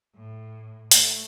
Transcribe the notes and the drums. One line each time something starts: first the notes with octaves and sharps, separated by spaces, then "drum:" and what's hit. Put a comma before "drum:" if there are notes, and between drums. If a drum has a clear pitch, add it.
A2
A3, drum: hi-hat